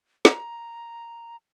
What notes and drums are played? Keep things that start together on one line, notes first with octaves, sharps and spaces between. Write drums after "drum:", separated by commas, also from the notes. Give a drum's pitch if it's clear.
A#5, drum: snare